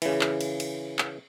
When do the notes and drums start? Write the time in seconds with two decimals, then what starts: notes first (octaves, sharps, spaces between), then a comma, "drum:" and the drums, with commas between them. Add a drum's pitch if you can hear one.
0.02 C#3 E3, drum: cymbal
0.21 drum: clap
0.41 drum: cymbal
0.60 drum: cymbal
0.99 drum: clap